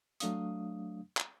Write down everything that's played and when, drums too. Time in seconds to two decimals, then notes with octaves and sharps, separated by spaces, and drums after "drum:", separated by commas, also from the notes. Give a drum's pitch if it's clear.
0.20 F#3 A3 D4 F5 D#6, drum: hi-hat
1.17 drum: clap